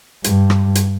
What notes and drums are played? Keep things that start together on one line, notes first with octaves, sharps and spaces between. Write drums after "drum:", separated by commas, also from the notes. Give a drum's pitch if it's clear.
G2, drum: hi-hat
drum: rim click
drum: hi-hat